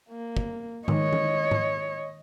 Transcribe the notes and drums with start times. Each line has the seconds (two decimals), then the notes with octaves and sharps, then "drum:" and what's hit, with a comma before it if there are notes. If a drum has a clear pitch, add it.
0.10 A#3
0.37 drum: kick
0.88 D#3 G#3 C#5 D#5, drum: tom G#2
1.13 drum: tom
1.51 drum: tom G#2